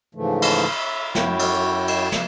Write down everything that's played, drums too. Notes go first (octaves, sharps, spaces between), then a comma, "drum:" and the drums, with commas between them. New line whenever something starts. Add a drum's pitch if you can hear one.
G#2 C#3 E3 F3 A3
drum: cymbal
E5
F#2 E4 F#4 C#5 G5, drum: snare
drum: cymbal
drum: cymbal
drum: snare